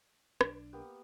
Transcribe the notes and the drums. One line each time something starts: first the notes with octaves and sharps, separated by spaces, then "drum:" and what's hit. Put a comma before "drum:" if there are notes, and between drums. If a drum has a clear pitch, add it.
B1 D4, drum: rim click
A#3 B3 G4